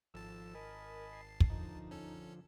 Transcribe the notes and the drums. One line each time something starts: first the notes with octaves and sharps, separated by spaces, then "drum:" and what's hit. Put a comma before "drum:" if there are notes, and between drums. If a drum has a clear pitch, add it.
G#1 F3 A4 A5 E6
A#4 D#5 G#5 B5
C7
drum: kick
D3 F3 D#4
C#4 A4